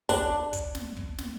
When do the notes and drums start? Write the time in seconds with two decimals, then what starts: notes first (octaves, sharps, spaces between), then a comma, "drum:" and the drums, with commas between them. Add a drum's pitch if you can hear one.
0.09 D4, drum: kick, open hi-hat
0.53 drum: kick, hi-hat
0.75 drum: snare
0.97 drum: kick
1.18 drum: snare